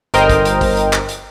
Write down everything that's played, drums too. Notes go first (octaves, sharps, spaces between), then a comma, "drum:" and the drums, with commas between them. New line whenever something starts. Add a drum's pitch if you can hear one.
G1 A#4 C5 D#5 G5 F6, drum: hi-hat
drum: kick, hi-hat
drum: hi-hat
drum: kick, open hi-hat
drum: hi-hat
drum: clap
drum: hi-hat